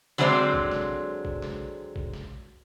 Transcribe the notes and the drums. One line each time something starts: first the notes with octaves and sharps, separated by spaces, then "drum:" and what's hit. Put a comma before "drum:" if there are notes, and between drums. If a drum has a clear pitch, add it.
D3 F#3 G#3 C4 C5 D5
drum: kick A#1
drum: snare
drum: kick A#1
drum: snare
drum: kick A#1
drum: snare